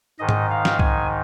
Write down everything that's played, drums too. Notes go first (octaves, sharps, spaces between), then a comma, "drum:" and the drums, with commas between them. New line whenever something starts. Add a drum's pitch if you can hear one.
G#2 D#3 D#5
drum: tom G#2
F5
drum: snare
G#5, drum: kick B1